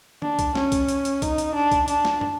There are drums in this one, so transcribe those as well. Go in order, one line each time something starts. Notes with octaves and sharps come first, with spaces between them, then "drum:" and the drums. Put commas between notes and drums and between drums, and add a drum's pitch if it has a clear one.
D4, drum: tom D3
drum: kick, hi-hat
C#4, drum: snare
drum: kick, hi-hat
drum: hi-hat
drum: hi-hat
D#4, drum: kick, hi-hat
drum: hi-hat
D4
drum: kick, hi-hat
D4, drum: hi-hat
drum: snare
drum: tom